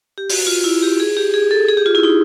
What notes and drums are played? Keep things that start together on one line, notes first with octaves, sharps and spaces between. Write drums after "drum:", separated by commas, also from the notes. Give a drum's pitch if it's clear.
G4
F#4, drum: open hi-hat
F4
E4
G4
G#4
G4
G#4
A4
G#4
G4
F4
E4
D#4